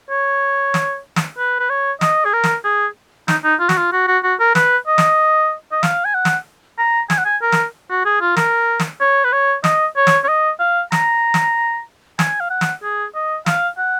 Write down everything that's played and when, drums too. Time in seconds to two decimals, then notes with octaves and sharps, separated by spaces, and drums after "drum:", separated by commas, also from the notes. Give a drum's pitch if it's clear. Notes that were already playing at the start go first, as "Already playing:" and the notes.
0.10 C#5
0.74 drum: snare
1.16 drum: snare
1.38 B4
1.60 B4
1.70 C#5
2.01 D#5, drum: snare
2.25 G#4
2.33 A#4
2.44 drum: snare
2.64 G#4
3.28 D#4, drum: snare
3.44 D#4
3.60 F4
3.69 F#4, drum: snare
3.78 F4
3.92 F#4
4.07 F#4
4.23 F#4
4.40 A#4
4.55 B4, drum: snare
4.87 D#5
4.98 drum: snare
5.72 D#5
5.83 F5, drum: snare
6.05 G#5
6.14 F#5
6.25 drum: snare
6.79 A#5
7.10 G#5, drum: snare
7.18 F#5
7.25 G#5
7.42 A#4
7.52 drum: snare
7.90 F#4
8.05 G#4
8.21 F4
8.37 A#4, drum: snare
8.80 drum: snare
9.00 C#5
9.25 B4
9.33 C#5
9.64 D#5, drum: snare
9.96 C#5
10.07 drum: snare
10.24 C#5
10.28 D#5
10.60 F5
10.92 A#5, drum: snare
11.34 drum: snare
12.19 G#5, drum: snare
12.40 F5
12.50 F#5
12.61 drum: snare
12.83 G#4
13.15 D#5
13.46 F5, drum: snare
13.78 F#5